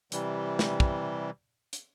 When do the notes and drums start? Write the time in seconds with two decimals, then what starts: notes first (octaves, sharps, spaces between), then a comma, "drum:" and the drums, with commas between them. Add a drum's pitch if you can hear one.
0.12 C3 E3 G3, drum: hi-hat
0.59 drum: snare
0.80 drum: kick
1.73 drum: hi-hat